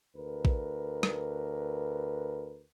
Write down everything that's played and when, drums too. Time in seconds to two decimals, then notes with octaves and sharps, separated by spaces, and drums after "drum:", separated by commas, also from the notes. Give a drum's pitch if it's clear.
0.15 D2 A#4 B4
0.45 drum: kick A#1
1.03 drum: rim click